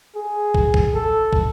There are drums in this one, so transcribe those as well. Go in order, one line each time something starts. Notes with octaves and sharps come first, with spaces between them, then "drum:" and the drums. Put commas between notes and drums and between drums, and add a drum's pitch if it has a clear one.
G#4
drum: kick
drum: kick
A4
drum: kick